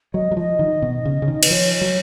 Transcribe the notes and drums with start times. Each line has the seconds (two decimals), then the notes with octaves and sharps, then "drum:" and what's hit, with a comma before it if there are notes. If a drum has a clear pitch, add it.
0.14 F#3 D#5
0.31 F#3
0.37 F3 D#5
0.59 D#3
0.82 B2
1.05 C#3
1.22 C#3
1.28 D#3
1.43 B4, drum: cymbal
1.51 F3 C#5
1.73 C#5
1.81 F#3